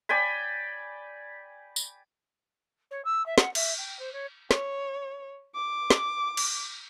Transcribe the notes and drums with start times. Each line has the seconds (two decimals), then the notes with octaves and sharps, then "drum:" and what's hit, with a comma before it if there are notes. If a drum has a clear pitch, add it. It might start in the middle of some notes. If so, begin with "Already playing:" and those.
0.09 D5 G5 G#5 B5
1.76 drum: tambourine
2.91 C#5
3.04 E6
3.26 E5
3.38 F#5, drum: snare
3.55 E5, drum: cymbal
3.78 G5
3.99 C5
4.13 C#5
4.51 C#5, drum: snare
5.55 D6
5.90 drum: snare
6.37 drum: cymbal